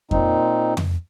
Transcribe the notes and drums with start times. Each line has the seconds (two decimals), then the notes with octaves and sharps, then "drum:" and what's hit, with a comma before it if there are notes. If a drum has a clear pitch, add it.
0.11 A#2 C4 D#4, drum: kick F2
0.77 drum: tom F2